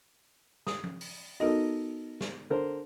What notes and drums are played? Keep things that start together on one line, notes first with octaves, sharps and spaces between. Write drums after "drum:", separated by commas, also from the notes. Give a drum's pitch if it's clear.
D#6, drum: snare
drum: tom F3
drum: open hi-hat
B3 D#4 F#4 A4 A#4 D#5
drum: snare
D3 A#4 C5